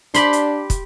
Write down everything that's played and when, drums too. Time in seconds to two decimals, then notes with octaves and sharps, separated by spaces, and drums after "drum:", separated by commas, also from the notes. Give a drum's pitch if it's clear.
0.14 D4 G4 B5 C6, drum: hi-hat
0.33 drum: hi-hat
0.70 drum: kick, hi-hat